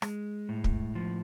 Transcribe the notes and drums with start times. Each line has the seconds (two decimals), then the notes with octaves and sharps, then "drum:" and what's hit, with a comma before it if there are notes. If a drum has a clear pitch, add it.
0.02 G#3, drum: rim click
0.49 A2
0.64 drum: kick
0.95 F3